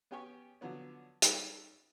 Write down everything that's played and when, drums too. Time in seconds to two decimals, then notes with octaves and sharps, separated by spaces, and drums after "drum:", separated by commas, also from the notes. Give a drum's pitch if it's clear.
0.11 B3 C#4 G4 G5 G#5 C#6
0.61 D3 F3 F#3 B3 C#4
1.22 G3 C#4 D#4 G#4 A4, drum: hi-hat